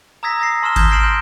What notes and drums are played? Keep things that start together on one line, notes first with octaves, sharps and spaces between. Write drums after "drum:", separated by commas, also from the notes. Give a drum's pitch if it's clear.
A#5 D#6 E6 G#6 A#6 B6
D#6 A#6 C7
A5 C6 E6 F6 E7 G7
D#6 G6 G#6 B6 E7 G7, drum: kick G#1, hi-hat
F6 A#6 C7 D7 E7 F#7
C6 G6